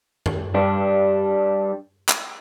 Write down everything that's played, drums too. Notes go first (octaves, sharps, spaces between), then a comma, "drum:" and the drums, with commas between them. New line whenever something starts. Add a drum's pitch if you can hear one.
drum: tom F#2
G2 G3 D4
drum: clap